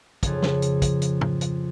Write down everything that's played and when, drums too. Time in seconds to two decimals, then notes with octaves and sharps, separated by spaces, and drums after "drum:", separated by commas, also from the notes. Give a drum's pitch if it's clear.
0.23 F2 C#3, drum: kick, hi-hat
0.42 drum: snare
0.62 drum: hi-hat
0.82 drum: kick, hi-hat
1.02 drum: hi-hat
1.21 drum: tom
1.41 drum: hi-hat